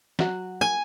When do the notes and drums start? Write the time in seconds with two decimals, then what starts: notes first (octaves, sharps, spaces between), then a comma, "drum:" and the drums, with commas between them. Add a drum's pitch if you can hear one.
0.19 F#3 F#4, drum: snare
0.61 G#5